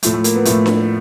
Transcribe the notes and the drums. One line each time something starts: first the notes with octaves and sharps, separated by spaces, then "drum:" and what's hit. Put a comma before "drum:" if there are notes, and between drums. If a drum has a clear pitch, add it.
A2 F3 A3, drum: hi-hat
A3
A#3, drum: hi-hat
B3
A2 F3 A3, drum: hi-hat
drum: snare D4